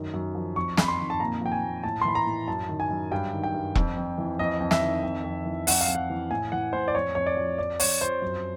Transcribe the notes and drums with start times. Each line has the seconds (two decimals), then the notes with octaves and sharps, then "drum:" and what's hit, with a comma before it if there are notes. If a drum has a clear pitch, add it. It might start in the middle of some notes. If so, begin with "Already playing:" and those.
Already playing: F#2 D#3
0.14 F#2
0.35 F3
0.56 F2 C#6
0.77 F2 B5, drum: snare
0.88 C6
0.99 D#3
1.10 A5
1.20 A#2 A#5
1.41 F3 G5
1.52 G#5
1.63 A#2
1.84 A2 A5
2.01 C6
2.05 E3 B5
2.15 A#5
2.26 A2
2.48 F#2 A5
2.69 D#3
2.80 G#5
2.91 F#2
3.11 G2 G5
3.33 D#3
3.43 G5
3.54 G2
3.75 F2, drum: kick E1
3.96 F2
4.18 E3
4.39 F2 D#5
4.60 F2
4.71 E5, drum: snare
4.82 D#3
5.03 F2
5.24 F2
5.45 E3
5.67 F2 F#5, drum: open hi-hat
5.81 F5
5.88 F2
5.95 F#5
6.10 E3
6.31 A2 G#5
6.52 E3 F#5
6.73 A2 C5
6.88 D5
6.95 F2 C#5
7.15 F2 C#5
7.26 D5
7.37 F3
7.58 F2 D5
7.80 F2 C#5, drum: open hi-hat
8.01 F3 C5
8.22 F#2